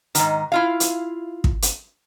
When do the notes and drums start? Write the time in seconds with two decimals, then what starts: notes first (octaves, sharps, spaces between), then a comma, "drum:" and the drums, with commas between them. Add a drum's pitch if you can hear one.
0.15 G#2 D#3, drum: hi-hat
0.52 E4 F4 F5
0.80 drum: hi-hat
1.44 drum: kick
1.62 drum: hi-hat